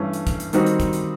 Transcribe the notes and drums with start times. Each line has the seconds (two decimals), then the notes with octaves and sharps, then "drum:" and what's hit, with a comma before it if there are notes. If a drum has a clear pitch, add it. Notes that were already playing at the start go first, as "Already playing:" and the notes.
Already playing: G2 E3 A3 C#4
0.13 drum: hi-hat
0.27 drum: kick, hi-hat
0.40 drum: hi-hat
0.53 D#3 G3 C4 D#4 F#4, drum: hi-hat
0.66 drum: hi-hat
0.80 drum: kick, hi-hat
0.93 drum: hi-hat